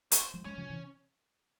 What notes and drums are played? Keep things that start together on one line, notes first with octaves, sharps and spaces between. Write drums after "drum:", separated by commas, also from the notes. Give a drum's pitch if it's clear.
C#5, drum: hi-hat
C5
F3 G#3
F3 G#3 C#4
C#3 F3
C3 E3